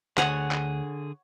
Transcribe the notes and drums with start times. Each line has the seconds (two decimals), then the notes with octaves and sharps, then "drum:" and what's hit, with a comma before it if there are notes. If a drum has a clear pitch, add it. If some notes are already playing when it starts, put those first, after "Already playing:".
0.18 D2 D3 G#4 C#5 F#5, drum: clap
0.51 drum: clap